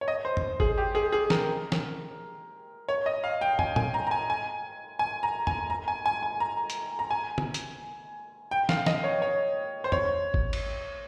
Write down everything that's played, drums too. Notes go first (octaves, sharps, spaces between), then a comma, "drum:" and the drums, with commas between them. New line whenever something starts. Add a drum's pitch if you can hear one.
C#5
D#5
C5
drum: tom
G#4, drum: kick G#1
G4
G#4
G#4
A#4, drum: snare
drum: snare
C#5
D#5
F5
G5
G#5, drum: tom
G#5, drum: tom
A#5
A#5
G#5
G#5
G#5
A#5
G#5, drum: tom
A#5
G#5
G#5
G#5
A#5
drum: hi-hat
A#5
G#5
drum: tom
drum: hi-hat
G5
F5, drum: snare
D#5, drum: snare
C#5
C#5
C5
C#5, drum: tom
drum: kick G#1
drum: cymbal